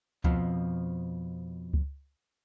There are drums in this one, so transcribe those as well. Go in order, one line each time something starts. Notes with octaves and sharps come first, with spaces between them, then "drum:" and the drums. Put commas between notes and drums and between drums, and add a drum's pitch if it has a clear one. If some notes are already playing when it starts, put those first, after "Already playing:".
F2 B2 F3, drum: kick C#2
drum: kick C#2